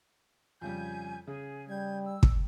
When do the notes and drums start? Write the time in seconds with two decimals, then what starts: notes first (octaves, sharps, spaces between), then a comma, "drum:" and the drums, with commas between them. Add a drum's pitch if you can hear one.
0.61 F2 C#3 G3 G#5 G6
1.27 C#3 G#4
1.69 G3 G6 G#6
2.05 E6
2.23 drum: kick